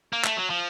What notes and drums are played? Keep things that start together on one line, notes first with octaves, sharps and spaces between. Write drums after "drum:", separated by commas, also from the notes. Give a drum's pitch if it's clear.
A#3
A3, drum: clap
F#3
F3